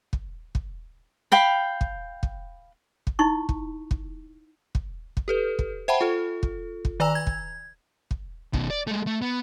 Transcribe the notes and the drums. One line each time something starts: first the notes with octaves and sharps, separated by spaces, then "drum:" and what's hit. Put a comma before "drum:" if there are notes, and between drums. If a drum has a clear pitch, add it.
drum: kick
drum: kick
F5 G5 B5
drum: kick
drum: kick
drum: kick
D#4 E4 C#6
drum: kick
drum: kick
drum: kick
drum: kick
G4 A4 B4
drum: kick
C5 E5 F#5 G5 A5 B5
F4 A4
drum: kick
drum: kick
D#3 D5 G#5 A#5 E6 F7
G#6
drum: kick
drum: kick
B2 D#3, drum: kick
D5
G#3 A3
A3
B3